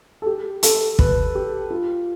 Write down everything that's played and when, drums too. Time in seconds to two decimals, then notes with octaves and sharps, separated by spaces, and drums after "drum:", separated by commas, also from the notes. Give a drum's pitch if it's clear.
0.22 A4
0.26 G4
0.63 A4, drum: hi-hat
0.99 B4, drum: kick
1.35 G4
1.70 F4